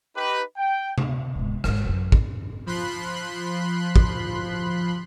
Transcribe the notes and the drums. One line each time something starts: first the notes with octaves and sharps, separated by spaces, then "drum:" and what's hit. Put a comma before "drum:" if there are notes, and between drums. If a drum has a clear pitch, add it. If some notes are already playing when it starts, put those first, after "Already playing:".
D#4 G4 B4
G5
drum: tom C3
D#1 G#2
G#1 G#2, drum: rim click
A1 F#2
drum: kick
F3 B5 C6 F#6
drum: kick